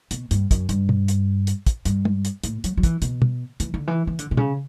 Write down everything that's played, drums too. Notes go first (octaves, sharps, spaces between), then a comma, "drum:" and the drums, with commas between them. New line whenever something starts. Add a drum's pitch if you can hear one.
B2, drum: hi-hat
G2, drum: hi-hat
F#2, drum: kick, hi-hat
G2, drum: hi-hat
drum: tom
drum: hi-hat
drum: hi-hat
drum: kick, hi-hat
G2, drum: hi-hat
drum: tom
drum: hi-hat
A2, drum: hi-hat
F#3, drum: hi-hat
F#3
E3, drum: kick, hi-hat
B2, drum: hi-hat
drum: tom
E3, drum: hi-hat
D3
E3
E3
D3, drum: hi-hat
B2
C#3, drum: tom